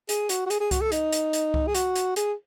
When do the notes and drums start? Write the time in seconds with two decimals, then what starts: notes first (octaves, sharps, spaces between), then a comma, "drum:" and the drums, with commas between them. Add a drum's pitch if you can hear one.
0.09 G#4, drum: hi-hat
0.29 F#4, drum: hi-hat
0.46 F#4
0.50 G#4, drum: hi-hat
0.60 G#4
0.71 F#4, drum: kick C2, hi-hat
0.81 A4
0.92 D#4, drum: hi-hat
1.12 drum: hi-hat
1.33 drum: hi-hat
1.54 drum: kick C2
1.67 G#4
1.75 F#4, drum: hi-hat
1.95 drum: hi-hat
2.16 G#4, drum: hi-hat